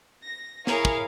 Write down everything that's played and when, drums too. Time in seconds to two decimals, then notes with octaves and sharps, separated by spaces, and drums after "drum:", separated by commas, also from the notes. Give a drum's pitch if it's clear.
0.23 A#6
0.67 E4 G#4 A#4 C#5 F5, drum: snare
0.85 drum: kick